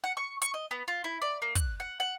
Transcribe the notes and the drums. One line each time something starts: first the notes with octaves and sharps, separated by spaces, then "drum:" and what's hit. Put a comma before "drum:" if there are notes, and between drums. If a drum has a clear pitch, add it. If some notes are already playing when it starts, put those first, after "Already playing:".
F#5
C#6
C#6, drum: hi-hat
D#5
B3
F4
E4
D5
A#3
F#6, drum: kick, hi-hat
F#5
F#5